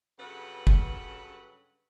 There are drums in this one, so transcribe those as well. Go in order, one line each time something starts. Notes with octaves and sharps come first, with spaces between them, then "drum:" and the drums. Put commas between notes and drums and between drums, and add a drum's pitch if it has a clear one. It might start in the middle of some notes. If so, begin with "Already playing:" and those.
G2 C#3 F#3 A4 B4 F#5
drum: kick